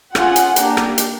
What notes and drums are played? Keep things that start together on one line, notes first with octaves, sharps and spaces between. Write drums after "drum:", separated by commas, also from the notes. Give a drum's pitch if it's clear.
C#4 F4 G#4 F#5, drum: rim click
drum: hi-hat
A#3 D4 G4, drum: hi-hat
drum: rim click
drum: hi-hat